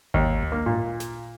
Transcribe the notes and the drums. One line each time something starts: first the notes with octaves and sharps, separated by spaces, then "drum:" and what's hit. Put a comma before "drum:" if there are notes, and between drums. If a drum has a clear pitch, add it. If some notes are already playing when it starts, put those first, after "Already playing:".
D#2, drum: kick G#1
drum: tom D2
A#3
A#2
drum: snare